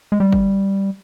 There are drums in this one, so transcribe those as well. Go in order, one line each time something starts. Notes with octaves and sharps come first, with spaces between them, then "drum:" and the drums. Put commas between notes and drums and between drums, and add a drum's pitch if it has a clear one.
G#3
G3
drum: kick